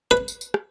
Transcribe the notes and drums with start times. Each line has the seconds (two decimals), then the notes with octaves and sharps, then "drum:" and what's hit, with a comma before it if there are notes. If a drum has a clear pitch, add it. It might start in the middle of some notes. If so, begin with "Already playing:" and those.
0.11 B4
0.28 drum: tambourine
0.41 drum: tambourine
0.54 drum: rim click